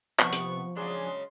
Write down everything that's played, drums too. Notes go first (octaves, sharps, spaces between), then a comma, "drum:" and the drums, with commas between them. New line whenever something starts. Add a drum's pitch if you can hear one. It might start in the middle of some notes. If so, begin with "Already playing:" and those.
C3 F3 B3 C#6, drum: clap
drum: hi-hat
C#3 F#3 G#3 D4 G#4 C6